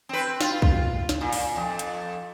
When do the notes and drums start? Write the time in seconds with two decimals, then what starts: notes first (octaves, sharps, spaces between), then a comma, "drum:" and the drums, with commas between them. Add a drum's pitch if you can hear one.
0.09 C4 B4
0.41 F4, drum: snare
0.62 drum: kick B1
1.09 drum: snare
1.21 A#2
1.33 drum: open hi-hat
1.56 F2
1.79 drum: hi-hat